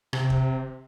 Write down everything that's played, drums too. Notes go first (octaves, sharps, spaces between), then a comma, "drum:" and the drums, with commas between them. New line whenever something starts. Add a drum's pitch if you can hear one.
C3, drum: rim click
drum: kick